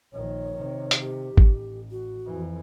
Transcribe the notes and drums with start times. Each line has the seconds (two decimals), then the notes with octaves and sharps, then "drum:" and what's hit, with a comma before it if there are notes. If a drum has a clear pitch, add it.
0.13 A#1 D#3 C#5
0.56 C3 D#3
0.91 drum: hi-hat
1.01 G4
1.37 A1, drum: kick G#1
1.91 F#4
2.26 F2 E3